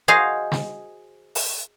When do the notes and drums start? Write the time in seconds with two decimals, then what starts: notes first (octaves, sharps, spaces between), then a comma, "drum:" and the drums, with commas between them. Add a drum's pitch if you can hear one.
0.08 F#4 G#4 C5 D#5 F5
0.52 drum: snare
1.35 drum: open hi-hat